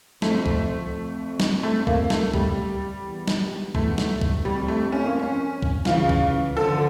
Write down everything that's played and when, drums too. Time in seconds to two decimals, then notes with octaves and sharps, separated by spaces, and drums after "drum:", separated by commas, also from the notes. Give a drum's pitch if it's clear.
0.22 F2 A3, drum: snare
0.46 drum: kick
0.92 F2
1.40 drum: snare
1.63 A3
1.87 A#3, drum: kick
2.10 A3, drum: snare
2.34 G3, drum: kick
3.05 E2
3.28 drum: snare
3.75 E2 A3, drum: kick
3.98 drum: snare
4.21 drum: kick
4.45 F2 G3
4.68 A3
4.92 C#4
5.06 A#3
5.19 C#4
5.62 drum: kick
5.85 C#3 E3 F4, drum: snare
6.09 drum: kick
6.56 D3 F3 A4